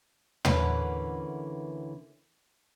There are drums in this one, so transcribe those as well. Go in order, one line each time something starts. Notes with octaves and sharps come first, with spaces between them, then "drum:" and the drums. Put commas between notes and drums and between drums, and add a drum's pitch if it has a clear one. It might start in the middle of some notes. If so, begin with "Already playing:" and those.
D2 D3 E3 A#3 C#4 B4, drum: tom